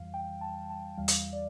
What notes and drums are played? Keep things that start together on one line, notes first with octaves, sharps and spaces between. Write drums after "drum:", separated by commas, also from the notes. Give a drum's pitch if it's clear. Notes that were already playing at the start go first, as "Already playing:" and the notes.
Already playing: F2 E3 G3 F5
G5
A5
A5
E2 E3 G3 F5
drum: hi-hat
D5